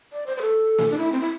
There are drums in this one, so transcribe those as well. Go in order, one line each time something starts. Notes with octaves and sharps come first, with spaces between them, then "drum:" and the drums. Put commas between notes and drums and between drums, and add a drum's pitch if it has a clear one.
D5
C5
C5
A4
drum: snare A3
D4
E4
C4
E4